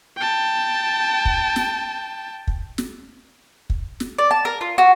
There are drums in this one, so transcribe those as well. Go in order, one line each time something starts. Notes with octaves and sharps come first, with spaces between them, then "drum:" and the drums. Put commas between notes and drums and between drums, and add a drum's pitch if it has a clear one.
G5 A5
drum: kick
drum: snare
drum: kick
drum: snare
drum: kick
drum: snare
D5
A5
A#4
F4
F#4